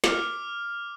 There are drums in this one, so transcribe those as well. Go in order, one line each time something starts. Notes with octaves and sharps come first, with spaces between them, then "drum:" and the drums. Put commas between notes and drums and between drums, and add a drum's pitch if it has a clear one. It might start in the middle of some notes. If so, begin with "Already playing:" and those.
D6 F6, drum: snare